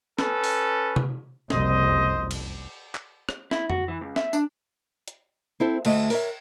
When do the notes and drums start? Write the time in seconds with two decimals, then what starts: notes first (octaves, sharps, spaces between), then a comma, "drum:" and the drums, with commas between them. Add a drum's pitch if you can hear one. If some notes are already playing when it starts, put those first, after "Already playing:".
0.19 C#4 A4 B4, drum: snare
0.44 drum: open hi-hat
0.96 drum: tom
1.50 F#1 C2 F2 C5 D#5, drum: snare
2.31 drum: cymbal
2.95 drum: clap
3.29 drum: rim click
3.51 E4, drum: snare
3.70 F#4, drum: tom F2
3.88 E3
4.01 C#2
4.16 E5, drum: snare
4.33 D4, drum: tambourine
5.08 drum: hi-hat
5.60 C4 E4 A4 C5
5.85 D2 A3 D#5, drum: cymbal
6.10 A#4 C#5 E5, drum: open hi-hat